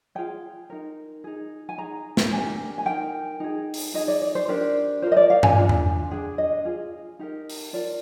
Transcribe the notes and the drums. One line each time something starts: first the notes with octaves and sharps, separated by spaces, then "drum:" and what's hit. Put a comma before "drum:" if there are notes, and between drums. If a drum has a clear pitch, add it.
F4 G#4 G5
D#4 A#4
D#4 G#4
G#5
D#4 G#4 A#5
drum: snare
D4 G4 A#4 G#5
G#5
D#4 A#4 G5
D#4 G#4
drum: open hi-hat
D#4 G#4 D#5
D5
D5
C5
D4 G4 A#4 D5
F4 A#4 C5
D#5
D5
F5
G#5, drum: tom G2
D4 F4
drum: tom E2
D4 G#4 G5
D#5
F4 G#4
D#4 G4 A#4
drum: open hi-hat
F4 A#4 D5